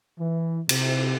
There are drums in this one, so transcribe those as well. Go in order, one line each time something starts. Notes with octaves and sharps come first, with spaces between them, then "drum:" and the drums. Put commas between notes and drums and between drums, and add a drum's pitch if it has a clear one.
E3
C3, drum: cymbal